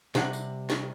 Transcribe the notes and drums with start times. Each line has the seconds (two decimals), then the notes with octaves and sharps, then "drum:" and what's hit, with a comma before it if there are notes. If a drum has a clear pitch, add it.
0.15 C3 G3 F#5, drum: snare
0.33 drum: tambourine
0.70 drum: snare